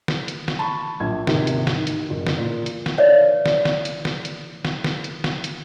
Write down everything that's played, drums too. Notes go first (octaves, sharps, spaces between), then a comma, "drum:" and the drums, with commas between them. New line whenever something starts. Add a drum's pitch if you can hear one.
drum: snare
drum: hi-hat
drum: snare
A5 B5 C#6
A#1 G#6
G#1 D#2 G#2 C3, drum: snare
drum: hi-hat
drum: snare
D#3
drum: hi-hat
F#1
drum: snare
A#2
drum: hi-hat
drum: snare
D#4 B4 C#5 D5 E5 F5
drum: snare
drum: snare
drum: hi-hat
drum: snare
drum: hi-hat
drum: snare
drum: snare
drum: hi-hat
drum: snare
drum: hi-hat